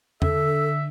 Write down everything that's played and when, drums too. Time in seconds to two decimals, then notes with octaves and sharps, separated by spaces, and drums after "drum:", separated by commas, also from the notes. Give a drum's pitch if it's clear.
0.22 D3 A4 E5, drum: tom E2